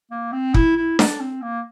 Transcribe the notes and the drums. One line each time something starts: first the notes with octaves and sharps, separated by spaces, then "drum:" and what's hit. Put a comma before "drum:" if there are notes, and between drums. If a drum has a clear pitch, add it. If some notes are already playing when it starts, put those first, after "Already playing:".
A#3
C4
E4, drum: kick
E4
D4, drum: snare D4
C4
A#3